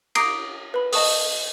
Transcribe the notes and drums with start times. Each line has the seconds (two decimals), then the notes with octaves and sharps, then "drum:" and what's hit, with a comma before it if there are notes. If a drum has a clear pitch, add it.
0.15 A#5 D6 D#6 A#6 C7 D7, drum: cymbal
0.74 B4 B5
0.93 D#5 A5 C#6 D#6, drum: open hi-hat